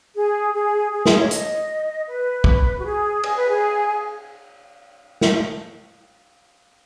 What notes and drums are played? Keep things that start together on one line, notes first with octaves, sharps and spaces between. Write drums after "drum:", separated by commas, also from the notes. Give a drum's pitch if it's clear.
G#4
G#4
G#4
G#4, drum: snare
C#5
D#5, drum: hi-hat
B4
drum: kick
F#4
G#4
G#4, drum: cymbal
B4
G#4
drum: snare